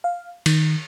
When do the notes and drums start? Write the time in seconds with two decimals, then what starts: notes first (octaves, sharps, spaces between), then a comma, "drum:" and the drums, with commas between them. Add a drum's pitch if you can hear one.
0.04 F5
0.46 D#3, drum: cymbal